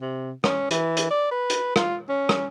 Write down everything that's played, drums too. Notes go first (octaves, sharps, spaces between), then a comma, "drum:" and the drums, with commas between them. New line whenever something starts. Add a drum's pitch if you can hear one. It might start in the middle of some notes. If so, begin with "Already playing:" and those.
C3
C#4, drum: rim click
E3, drum: hi-hat
drum: hi-hat
D5
B4
drum: hi-hat
F4, drum: rim click
C#4
drum: rim click